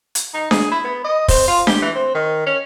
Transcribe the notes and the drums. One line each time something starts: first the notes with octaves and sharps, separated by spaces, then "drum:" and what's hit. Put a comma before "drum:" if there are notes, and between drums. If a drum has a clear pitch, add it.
drum: hi-hat
D#4
G#4, drum: snare D4
E4
B3
D#5
C4, drum: kick, open hi-hat
F4
G4, drum: snare D4
E3
C4
D#3
C#4